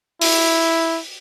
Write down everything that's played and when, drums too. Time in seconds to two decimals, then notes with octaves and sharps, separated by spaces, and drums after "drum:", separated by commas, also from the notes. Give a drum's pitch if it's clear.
0.21 E4, drum: open hi-hat